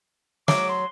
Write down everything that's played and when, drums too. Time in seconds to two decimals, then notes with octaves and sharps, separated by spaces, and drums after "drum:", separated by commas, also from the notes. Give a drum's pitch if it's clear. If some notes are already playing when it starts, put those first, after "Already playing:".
0.48 F#3 D6, drum: snare
0.69 C6